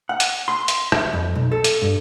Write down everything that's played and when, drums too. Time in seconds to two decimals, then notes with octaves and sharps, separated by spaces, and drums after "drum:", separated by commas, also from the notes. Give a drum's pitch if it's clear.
0.09 F#5
0.20 drum: hi-hat
0.48 C6
0.68 drum: hi-hat
0.92 E5, drum: rim click
1.13 F2
1.35 B1
1.52 A4
1.64 drum: hi-hat
1.82 G2